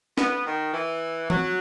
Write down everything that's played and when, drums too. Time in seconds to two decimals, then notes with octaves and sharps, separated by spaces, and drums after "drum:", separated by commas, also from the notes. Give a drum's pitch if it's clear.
0.18 B3, drum: snare
0.45 D#3
0.73 E3
1.30 F#3, drum: tom